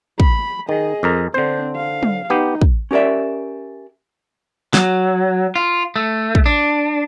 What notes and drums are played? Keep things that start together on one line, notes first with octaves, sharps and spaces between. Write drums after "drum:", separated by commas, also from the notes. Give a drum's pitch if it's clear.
B5, drum: kick
D#3 G#4 D#5
F2 A#4
D3 C4 D4 C5
F5
drum: tom
B3 D#4 G4
drum: kick
C#4 G4 A#4 D5 E5
F#3, drum: snare
F4
A3
drum: kick
D4